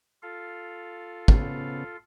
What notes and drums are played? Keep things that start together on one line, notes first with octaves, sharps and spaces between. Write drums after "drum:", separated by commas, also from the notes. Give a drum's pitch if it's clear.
F4 A4 F5
C#3 B3, drum: kick